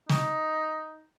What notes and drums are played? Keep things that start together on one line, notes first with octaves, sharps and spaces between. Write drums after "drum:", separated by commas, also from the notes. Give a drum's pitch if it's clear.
D#4, drum: snare